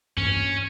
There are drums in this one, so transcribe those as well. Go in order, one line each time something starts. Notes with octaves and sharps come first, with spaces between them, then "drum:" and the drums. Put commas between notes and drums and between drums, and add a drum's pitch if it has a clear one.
C#4, drum: tom G2